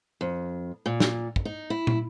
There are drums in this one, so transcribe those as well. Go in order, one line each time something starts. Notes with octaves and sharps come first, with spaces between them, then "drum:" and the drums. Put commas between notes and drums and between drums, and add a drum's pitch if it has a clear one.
F2
A#2
drum: snare
drum: kick
D#4
E4
drum: tom